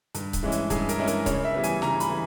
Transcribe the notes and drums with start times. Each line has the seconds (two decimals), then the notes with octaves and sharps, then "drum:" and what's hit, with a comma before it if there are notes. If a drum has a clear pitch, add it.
0.15 G2, drum: hi-hat
0.33 drum: kick C#1, hi-hat
0.43 E3 G#3 C#4 E4
0.52 drum: hi-hat
0.70 G2 G#4, drum: kick C#1, hi-hat
0.89 A#4, drum: hi-hat
0.99 E3 G#3 C#4 E4
1.07 A#4, drum: hi-hat
1.26 C#3 C#5, drum: kick C#1, hi-hat
1.44 E5
1.54 E3 G3 B3
1.64 G#5, drum: hi-hat
1.82 C#3 A#5, drum: snare
2.00 B5, drum: hi-hat
2.10 E3